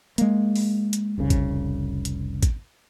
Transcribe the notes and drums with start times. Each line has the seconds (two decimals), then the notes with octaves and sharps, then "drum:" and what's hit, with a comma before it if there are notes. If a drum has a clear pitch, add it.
0.18 G#3 A#3, drum: hi-hat
0.56 drum: open hi-hat
0.93 drum: hi-hat
1.18 F1 C2 C#3
1.30 drum: kick, hi-hat
2.05 drum: hi-hat
2.43 drum: kick, hi-hat